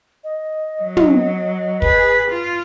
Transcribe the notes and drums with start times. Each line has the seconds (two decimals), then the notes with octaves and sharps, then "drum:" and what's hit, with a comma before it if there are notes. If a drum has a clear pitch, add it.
0.24 D#5
0.82 F#3
0.97 drum: tom
1.82 G#4 B4, drum: kick
2.30 F4